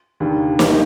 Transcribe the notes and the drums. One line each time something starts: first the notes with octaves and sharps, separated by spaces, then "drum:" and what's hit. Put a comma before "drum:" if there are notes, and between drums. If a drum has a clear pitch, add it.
F1 D#2 D3
D#2 D#3 G3 A#3, drum: snare